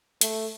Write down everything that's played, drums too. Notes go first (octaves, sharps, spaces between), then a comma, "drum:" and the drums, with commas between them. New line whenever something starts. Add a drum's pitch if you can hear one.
A3, drum: hi-hat